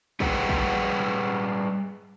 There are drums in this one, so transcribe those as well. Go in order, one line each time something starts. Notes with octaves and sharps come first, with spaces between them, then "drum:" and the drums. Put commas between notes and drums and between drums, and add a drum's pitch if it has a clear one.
G3 G#4 B4 D#5 F#5 G5, drum: kick
drum: kick